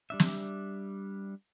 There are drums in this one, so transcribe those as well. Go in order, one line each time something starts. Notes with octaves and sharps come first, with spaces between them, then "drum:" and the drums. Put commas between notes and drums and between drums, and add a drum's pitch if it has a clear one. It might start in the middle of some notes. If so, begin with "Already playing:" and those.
G3 D4 E5
drum: snare